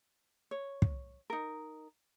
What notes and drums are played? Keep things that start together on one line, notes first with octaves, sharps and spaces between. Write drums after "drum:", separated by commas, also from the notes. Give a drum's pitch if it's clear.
C#5
drum: kick
D#4 A#4